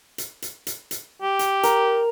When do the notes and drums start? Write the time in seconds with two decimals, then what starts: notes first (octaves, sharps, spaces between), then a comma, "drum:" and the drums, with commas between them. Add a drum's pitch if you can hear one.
0.18 drum: hi-hat
0.42 drum: hi-hat
0.67 drum: hi-hat
0.91 drum: hi-hat
1.22 G4
1.39 drum: hi-hat
1.63 A#4, drum: hi-hat